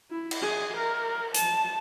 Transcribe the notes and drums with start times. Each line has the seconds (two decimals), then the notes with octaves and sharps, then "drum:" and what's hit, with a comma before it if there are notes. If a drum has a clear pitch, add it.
0.11 E4
0.31 drum: cymbal
0.42 G#4
0.77 A#4
1.35 A5, drum: hi-hat